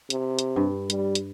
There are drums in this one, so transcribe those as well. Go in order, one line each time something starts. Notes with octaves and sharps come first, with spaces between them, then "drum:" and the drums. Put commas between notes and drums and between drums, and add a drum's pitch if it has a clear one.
C3, drum: hi-hat
drum: hi-hat
G2
G3, drum: hi-hat
drum: hi-hat